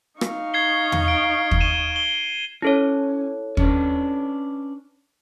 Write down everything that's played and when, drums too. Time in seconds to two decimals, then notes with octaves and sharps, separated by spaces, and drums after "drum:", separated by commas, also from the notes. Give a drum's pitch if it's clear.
0.21 D#4 F5 C#6, drum: rim click
0.54 G#6 C7 G7
0.92 drum: tom E2
1.05 D7 G7
1.51 drum: kick
1.60 D#7 E7 G7
1.96 G7
2.62 C#4 E4 A4 C#5
3.57 C#4 D4 B4, drum: kick